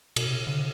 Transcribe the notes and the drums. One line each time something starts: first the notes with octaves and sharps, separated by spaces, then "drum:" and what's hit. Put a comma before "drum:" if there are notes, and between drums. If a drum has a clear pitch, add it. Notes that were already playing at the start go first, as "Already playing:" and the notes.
B2, drum: cymbal
C3
D3